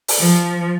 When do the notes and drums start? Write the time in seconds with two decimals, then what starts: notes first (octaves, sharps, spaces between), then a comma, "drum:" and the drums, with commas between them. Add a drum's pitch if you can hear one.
0.08 drum: open hi-hat
0.19 F3